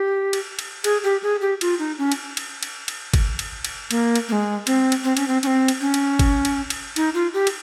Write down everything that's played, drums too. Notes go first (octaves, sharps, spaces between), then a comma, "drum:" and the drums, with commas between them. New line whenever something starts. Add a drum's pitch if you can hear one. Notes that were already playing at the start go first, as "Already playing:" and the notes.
Already playing: G4
drum: cymbal
drum: cymbal
G#4, drum: cymbal
G4
G#4
G4
F4, drum: cymbal
D#4
C#4
drum: cymbal
drum: cymbal
drum: cymbal
drum: cymbal
drum: kick G#1, cymbal
drum: cymbal
drum: cymbal
A#3, drum: cymbal
drum: cymbal
A#3
G#3
C4, drum: cymbal
drum: cymbal
C4
C#4, drum: cymbal
C4
C#4, drum: cymbal
C4
drum: cymbal
C#4
drum: cymbal
drum: kick G#1, cymbal
drum: cymbal
drum: cymbal
D#4, drum: cymbal
F4
G4
drum: cymbal